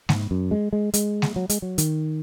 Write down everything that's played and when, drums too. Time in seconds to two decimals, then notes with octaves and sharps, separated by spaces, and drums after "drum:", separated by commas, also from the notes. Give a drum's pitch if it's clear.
0.09 G#2, drum: snare G#3
0.31 F#2
0.51 G#3
0.73 G#3
0.94 G#3, drum: hi-hat
1.22 drum: snare G#3
1.36 F#3
1.49 G#3, drum: hi-hat
1.62 F#3
1.78 D#3, drum: hi-hat